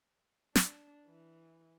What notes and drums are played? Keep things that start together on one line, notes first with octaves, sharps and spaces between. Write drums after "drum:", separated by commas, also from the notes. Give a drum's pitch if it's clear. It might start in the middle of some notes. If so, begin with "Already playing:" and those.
D4, drum: snare
E3